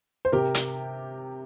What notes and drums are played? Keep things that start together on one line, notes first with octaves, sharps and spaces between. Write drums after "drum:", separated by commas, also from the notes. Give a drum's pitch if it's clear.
C5
C3 G4 A#4
drum: hi-hat